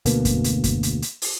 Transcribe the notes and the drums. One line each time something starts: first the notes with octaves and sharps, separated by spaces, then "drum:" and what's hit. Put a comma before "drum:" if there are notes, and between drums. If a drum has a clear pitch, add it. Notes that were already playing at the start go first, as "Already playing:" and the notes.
D2 B2 A#3 B3, drum: hi-hat
drum: kick F#2, hi-hat
drum: hi-hat
drum: kick F#2, hi-hat
drum: hi-hat
drum: hi-hat
drum: open hi-hat